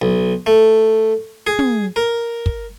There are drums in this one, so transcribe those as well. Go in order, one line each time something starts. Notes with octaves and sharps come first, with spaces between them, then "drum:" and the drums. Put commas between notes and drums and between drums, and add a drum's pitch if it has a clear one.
B1
A3
G#4
drum: tom
A#4
drum: kick